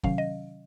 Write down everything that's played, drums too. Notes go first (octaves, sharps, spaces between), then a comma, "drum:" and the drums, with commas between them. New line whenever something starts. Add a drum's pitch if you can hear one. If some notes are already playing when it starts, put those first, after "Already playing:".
C3 D#3 F#3 C#4 F5, drum: kick
D#5